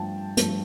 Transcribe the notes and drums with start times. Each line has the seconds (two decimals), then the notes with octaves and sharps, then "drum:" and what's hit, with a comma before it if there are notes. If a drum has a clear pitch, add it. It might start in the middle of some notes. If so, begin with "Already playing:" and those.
Already playing: G2 F3 A3 G5 A5
0.37 G2 F3 A3, drum: hi-hat